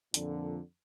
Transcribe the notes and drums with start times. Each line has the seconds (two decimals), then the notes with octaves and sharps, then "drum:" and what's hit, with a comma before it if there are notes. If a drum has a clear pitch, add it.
0.14 F2 A#2 D3, drum: hi-hat